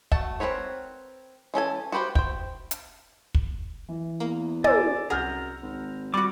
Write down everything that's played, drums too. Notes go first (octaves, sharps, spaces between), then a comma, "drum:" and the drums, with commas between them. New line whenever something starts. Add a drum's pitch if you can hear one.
A3 F#4 A5, drum: kick
C4 C#4 A#4 B4 C#5
E3 C#4 A4 G#5
F#4 G4 B4 C5 G5
C5 G5, drum: kick
drum: hi-hat
drum: kick
E3
E2 A#3
D5 G#5 E6, drum: tom
C2 F#2 G#4 F#5 A#5 F6 G6
G#1
G3 F#4 B5 D6